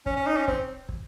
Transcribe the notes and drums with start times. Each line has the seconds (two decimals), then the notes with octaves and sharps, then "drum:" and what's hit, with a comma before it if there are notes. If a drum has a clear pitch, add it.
0.06 C#4, drum: kick
0.16 C#4
0.27 D#4
0.37 C#4
0.48 C4, drum: kick
0.89 drum: kick